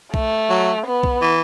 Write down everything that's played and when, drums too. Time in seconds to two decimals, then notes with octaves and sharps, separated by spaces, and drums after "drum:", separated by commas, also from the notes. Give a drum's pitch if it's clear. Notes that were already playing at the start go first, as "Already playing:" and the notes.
0.14 A3, drum: kick B1
0.50 F#3
0.86 B3
1.03 drum: kick B1
1.22 E3